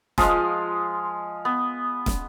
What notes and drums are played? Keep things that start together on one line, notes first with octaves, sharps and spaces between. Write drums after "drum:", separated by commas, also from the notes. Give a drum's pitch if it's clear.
F3 G#3 D#5 F5, drum: snare
B3
drum: snare